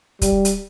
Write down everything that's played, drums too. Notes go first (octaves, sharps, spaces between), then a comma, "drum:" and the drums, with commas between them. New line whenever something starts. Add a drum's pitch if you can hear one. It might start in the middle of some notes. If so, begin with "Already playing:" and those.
G3, drum: kick, hi-hat
drum: hi-hat